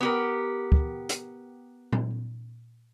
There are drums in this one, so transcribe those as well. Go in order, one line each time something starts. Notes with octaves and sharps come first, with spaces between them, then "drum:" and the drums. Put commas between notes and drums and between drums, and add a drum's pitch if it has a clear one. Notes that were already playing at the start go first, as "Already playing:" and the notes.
B3 G4 A#4
drum: kick
drum: hi-hat
drum: tom A#2